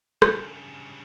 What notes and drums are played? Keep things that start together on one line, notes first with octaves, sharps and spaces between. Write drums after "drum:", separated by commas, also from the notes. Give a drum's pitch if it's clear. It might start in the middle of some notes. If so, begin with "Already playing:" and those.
G2 C#3, drum: rim click